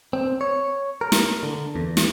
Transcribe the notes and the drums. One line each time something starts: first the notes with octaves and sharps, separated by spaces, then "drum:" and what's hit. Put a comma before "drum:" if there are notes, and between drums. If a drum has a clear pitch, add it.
C4
C#5
A#4
drum: snare
D3
E2
drum: snare